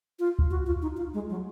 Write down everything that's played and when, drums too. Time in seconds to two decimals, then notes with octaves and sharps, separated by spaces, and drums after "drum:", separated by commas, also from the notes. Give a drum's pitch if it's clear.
0.19 F4
0.39 drum: kick
0.50 F#4
0.66 F4
0.82 D#4
0.97 F4
1.14 G#3
1.29 F#3